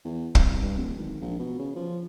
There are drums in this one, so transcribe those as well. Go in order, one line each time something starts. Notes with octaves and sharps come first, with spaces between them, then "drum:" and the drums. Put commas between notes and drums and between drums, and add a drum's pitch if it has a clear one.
E2
C2, drum: kick
G2
D1
G#1
A#1
B2
C#3
F3